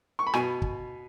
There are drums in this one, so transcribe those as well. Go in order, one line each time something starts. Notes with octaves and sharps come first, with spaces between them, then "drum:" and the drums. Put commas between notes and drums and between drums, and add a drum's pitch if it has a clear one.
C#6
B5
B2 G#5, drum: rim click
drum: kick